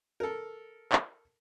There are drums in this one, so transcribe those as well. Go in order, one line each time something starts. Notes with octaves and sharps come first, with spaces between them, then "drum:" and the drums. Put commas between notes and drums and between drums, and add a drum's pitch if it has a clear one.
A4 A#4
drum: clap